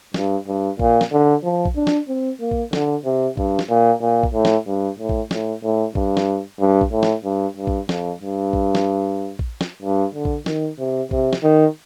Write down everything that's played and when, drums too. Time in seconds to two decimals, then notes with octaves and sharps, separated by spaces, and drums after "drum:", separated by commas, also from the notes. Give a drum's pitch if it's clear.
0.14 G2, drum: snare
0.47 G2
0.79 A#2, drum: kick
1.01 drum: snare
1.12 D3
1.44 F3
1.65 drum: kick
1.76 D4
1.87 drum: snare
2.08 C4
2.40 A#3
2.51 drum: kick
2.73 D3, drum: snare
3.05 C3
3.37 G2, drum: kick
3.59 drum: snare
3.69 A#2
4.01 A#2
4.23 drum: kick
4.34 A2
4.45 drum: snare
4.67 G2
4.99 A2
5.09 drum: kick
5.31 A2, drum: snare
5.63 A2
5.95 G2, drum: kick
6.17 drum: snare
6.59 G2
6.81 drum: kick
6.92 A2
7.03 drum: snare
7.24 G2
7.57 G2
7.67 drum: kick
7.89 F2, drum: snare
8.21 G2
8.53 drum: kick
8.75 drum: snare
9.39 drum: kick
9.61 drum: snare
9.82 G2
10.15 D3
10.25 drum: kick
10.46 D#3, drum: snare
10.79 C3
11.11 C3, drum: kick
11.33 drum: snare
11.43 D#3